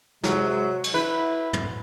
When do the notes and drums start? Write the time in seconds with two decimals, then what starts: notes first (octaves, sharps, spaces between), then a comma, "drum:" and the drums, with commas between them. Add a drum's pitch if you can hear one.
0.24 G#2 C3 F#3 G#3, drum: snare
0.84 drum: cymbal
0.94 E4 B4
1.53 drum: tom